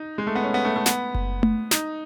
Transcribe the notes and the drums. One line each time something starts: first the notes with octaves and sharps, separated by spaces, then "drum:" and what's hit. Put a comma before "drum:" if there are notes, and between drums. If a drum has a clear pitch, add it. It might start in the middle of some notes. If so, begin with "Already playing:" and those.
Already playing: D#4
G#3
A3
B3
C#4
B3
A3
A3
B3, drum: snare
drum: kick F#1
drum: tom A3
D#4, drum: snare